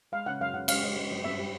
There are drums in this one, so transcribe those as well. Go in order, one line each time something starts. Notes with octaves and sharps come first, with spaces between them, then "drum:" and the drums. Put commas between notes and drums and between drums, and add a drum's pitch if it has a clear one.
G#3 F5
C#3 F#5
F#2 F5
C#3 F#5
G#3 F5, drum: cymbal
G#3
G#3
F#2
G2 E5
G3